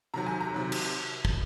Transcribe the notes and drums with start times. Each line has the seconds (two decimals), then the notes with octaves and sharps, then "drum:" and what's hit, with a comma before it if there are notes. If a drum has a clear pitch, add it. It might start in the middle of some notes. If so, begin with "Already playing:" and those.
0.14 C3 D#3 F#3 A#5
0.27 G#5
0.40 A#5
0.54 C3 D#3 F#3
0.72 drum: cymbal
1.25 drum: kick